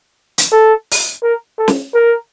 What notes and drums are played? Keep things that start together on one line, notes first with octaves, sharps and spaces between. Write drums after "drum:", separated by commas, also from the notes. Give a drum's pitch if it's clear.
drum: hi-hat
A4
drum: open hi-hat
A#4
A4
drum: snare
A#4